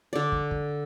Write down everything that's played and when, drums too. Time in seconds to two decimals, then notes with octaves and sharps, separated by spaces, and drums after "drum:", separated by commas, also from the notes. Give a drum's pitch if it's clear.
0.13 D3 D5
0.32 drum: kick
0.51 drum: kick